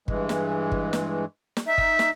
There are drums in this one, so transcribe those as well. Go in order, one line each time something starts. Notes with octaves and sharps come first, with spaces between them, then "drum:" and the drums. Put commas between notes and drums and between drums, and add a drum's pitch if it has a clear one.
G2 E3 G#3, drum: kick G1
drum: snare
drum: kick G1
drum: snare
drum: snare
D#4 E5
drum: kick G1
drum: snare